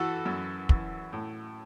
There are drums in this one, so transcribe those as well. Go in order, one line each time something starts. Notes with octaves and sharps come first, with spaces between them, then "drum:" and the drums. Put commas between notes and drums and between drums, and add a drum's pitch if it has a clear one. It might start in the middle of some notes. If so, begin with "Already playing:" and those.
Already playing: E3 F#4 A4
F#2
E3, drum: kick
A2